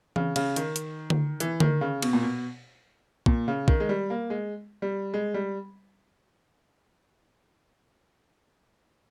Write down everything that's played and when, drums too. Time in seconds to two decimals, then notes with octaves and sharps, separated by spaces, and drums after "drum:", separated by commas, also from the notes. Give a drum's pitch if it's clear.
0.16 C#3, drum: tom E3
0.36 C#3, drum: cymbal
0.56 D#3, drum: hi-hat
0.76 drum: hi-hat
1.10 drum: tom D3
1.40 E3, drum: hi-hat
1.60 D#3, drum: tom D3
1.81 C#3
2.02 B2, drum: cymbal
2.13 A#2
2.23 B2
3.26 A#2, drum: kick
3.48 C#3
3.68 D#3, drum: kick
3.80 G#3
3.89 G3
4.10 A#3
4.30 G#3
4.82 G3
5.14 G#3
5.34 G3